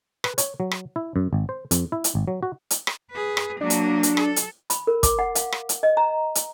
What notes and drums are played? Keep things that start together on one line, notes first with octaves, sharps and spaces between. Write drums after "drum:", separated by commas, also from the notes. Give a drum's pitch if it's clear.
B4, drum: rim click
C#5, drum: hi-hat
F#3
drum: rim click
E4
F#2
G#1
C5
F2, drum: hi-hat
E4
drum: hi-hat
G#1
F#3
F#4
drum: hi-hat
drum: rim click
G#4 B4
drum: rim click
F#3 A#3 D4
drum: hi-hat
drum: hi-hat
A4, drum: rim click
drum: hi-hat
B5, drum: hi-hat
A#4
D6, drum: kick, hi-hat
F#5
F5, drum: hi-hat
drum: rim click
drum: hi-hat
D#5
A#5
drum: hi-hat